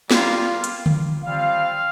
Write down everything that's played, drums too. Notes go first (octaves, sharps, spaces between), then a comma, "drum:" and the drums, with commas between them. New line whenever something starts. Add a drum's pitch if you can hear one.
G3 A#3 F4, drum: snare
drum: hi-hat
drum: tom D3
G3 C4 F4 F5